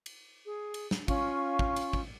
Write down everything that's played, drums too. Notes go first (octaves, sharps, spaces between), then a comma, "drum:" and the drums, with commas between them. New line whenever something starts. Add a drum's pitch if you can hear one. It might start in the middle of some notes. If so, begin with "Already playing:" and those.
drum: cymbal
G#4
drum: cymbal
drum: snare
C#4 F4 F5 C#6, drum: kick, cymbal
drum: kick
drum: cymbal
drum: kick